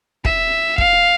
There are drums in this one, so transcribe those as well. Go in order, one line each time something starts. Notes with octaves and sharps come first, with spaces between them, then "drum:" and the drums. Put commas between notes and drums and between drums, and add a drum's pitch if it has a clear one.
E5, drum: kick
F5, drum: kick